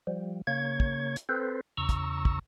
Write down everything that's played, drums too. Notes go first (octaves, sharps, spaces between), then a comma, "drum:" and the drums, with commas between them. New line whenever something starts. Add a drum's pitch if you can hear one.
F3 G3
C#3 A#3 C#5 G#6
drum: kick
drum: hi-hat
C4 A4 B4 C5
E2 C#3 A#5 C#6 E6
drum: kick, hi-hat
drum: kick